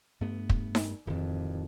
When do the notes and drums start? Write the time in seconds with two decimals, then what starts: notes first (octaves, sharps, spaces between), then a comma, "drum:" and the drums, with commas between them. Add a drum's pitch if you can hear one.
0.21 G2 A3 B3
0.50 drum: kick
0.75 drum: snare D#4
1.07 D1 F2 D#3